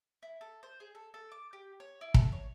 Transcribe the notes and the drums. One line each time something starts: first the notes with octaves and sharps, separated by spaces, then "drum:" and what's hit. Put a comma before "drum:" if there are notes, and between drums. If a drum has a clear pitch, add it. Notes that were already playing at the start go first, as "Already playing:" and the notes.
E4
A4
C5
G#4
A4
A4
D6
G4
C#5
E4
A4, drum: kick
C#5